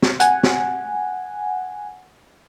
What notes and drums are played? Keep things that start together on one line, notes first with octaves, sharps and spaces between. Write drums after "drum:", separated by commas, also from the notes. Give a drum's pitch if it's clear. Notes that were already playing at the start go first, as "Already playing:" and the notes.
drum: snare
F#5 G#5, drum: hi-hat
drum: snare